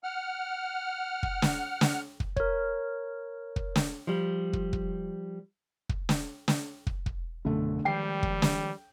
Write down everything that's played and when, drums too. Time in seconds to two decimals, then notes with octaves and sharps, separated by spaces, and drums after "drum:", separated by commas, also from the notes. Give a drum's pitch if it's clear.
0.03 F#5 F6
1.23 drum: kick
1.42 drum: snare
1.81 drum: snare
2.20 drum: kick
2.36 A#4 C#5, drum: kick
3.56 drum: kick
3.76 drum: snare
4.07 F3 G3
4.53 drum: kick
4.73 drum: kick
5.89 drum: kick
6.09 drum: snare
6.48 drum: snare
6.87 drum: kick
7.06 drum: kick
7.45 A#1 F#2 B2 D3 A3
7.85 D#3 F3 G3 G#3 G5 C7
8.23 drum: kick
8.42 drum: snare